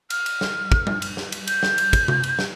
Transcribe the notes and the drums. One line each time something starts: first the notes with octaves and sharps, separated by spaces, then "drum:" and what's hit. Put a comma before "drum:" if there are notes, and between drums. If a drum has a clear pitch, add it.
F6, drum: cymbal
drum: cymbal
drum: snare
drum: kick
drum: tom G3
drum: cymbal
drum: snare
drum: cymbal
G6, drum: cymbal
drum: snare
drum: cymbal
drum: kick, cymbal
drum: tom C3
drum: cymbal
drum: snare